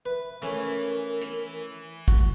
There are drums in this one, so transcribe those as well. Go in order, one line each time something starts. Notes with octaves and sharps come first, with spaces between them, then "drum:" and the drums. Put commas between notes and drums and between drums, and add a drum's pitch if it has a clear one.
B4 E5
E3 A3 C#4 A#4
drum: hi-hat
A3 F#4, drum: kick A1